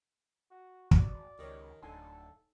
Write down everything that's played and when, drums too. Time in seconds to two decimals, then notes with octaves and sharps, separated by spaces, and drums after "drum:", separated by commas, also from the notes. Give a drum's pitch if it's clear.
0.51 F#4
0.91 G#1 F#4 D5 F#5, drum: kick
1.39 C#2 D#3 G4 C#5
1.83 D1 D3 D#4 A4 G#5 C6